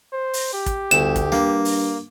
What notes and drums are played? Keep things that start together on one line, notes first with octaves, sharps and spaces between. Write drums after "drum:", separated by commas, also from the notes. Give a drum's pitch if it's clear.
C5
drum: open hi-hat
G4
drum: kick, hi-hat
G1 D2 E7
drum: kick, hi-hat
G2 A#3, drum: snare
drum: open hi-hat